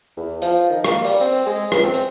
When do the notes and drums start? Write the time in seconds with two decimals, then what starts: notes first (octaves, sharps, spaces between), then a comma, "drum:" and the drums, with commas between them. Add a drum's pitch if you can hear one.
0.17 E2
0.42 F3, drum: hi-hat
0.70 D#3
0.84 A#3, drum: rim click
1.04 G3, drum: open hi-hat
1.20 C4
1.46 G#3
1.72 C#2, drum: rim click
1.84 C4
1.94 drum: hi-hat